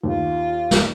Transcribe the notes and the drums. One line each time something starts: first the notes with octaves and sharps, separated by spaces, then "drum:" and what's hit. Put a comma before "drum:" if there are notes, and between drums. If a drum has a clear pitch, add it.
D#2 F4
drum: snare